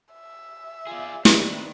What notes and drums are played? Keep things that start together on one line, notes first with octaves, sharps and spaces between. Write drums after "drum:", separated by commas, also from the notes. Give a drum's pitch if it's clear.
E5
F4 G#4 D5
D#3 C4 B4 D5, drum: snare